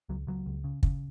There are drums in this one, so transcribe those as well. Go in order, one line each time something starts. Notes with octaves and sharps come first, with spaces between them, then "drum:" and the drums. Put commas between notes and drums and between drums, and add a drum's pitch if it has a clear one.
C#2 F#3
C#2 F#3
C#2
C#3
C#3, drum: kick